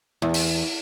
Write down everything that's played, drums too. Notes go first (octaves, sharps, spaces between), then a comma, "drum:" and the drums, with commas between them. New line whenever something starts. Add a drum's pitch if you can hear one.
E2
drum: open hi-hat